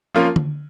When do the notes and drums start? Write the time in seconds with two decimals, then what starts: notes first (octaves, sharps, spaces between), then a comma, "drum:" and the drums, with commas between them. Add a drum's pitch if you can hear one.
0.14 F3 A#3 C#4 F4
0.36 drum: tom D3